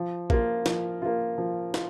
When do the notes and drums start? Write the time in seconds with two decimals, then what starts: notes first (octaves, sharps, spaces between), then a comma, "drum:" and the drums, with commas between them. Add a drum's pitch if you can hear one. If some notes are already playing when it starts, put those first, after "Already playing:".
Already playing: F3
0.30 A#3 F4, drum: kick
0.66 F3, drum: snare
1.02 A#3 F4
1.38 F3
1.74 F4, drum: snare